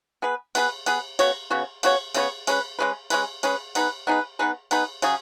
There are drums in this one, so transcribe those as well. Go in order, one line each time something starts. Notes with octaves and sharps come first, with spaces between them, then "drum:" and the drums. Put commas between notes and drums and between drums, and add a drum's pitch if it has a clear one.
B3 G#4 B4
B3 G#4 B4, drum: cymbal
B3 G#4 B4, drum: cymbal
C#3 B3 F#4 C#5, drum: cymbal
C#3 B3 F#4 C#5
C#3 B3 F#4 C#5, drum: cymbal
C#3 B3 F#4 C#5, drum: cymbal
G#3 C#4 G#4 B4, drum: cymbal
G#3 C#4 G#4 B4
G#3 C#4 G#4 B4, drum: cymbal
G#3 C#4 G#4 B4, drum: cymbal
B3 D#4 G#4 B4, drum: cymbal
B3 D#4 G#4 B4
B3 D#4 G#4 B4
B3 D#4 G#4 B4, drum: cymbal
C#3 F#3 C#4 G#4, drum: cymbal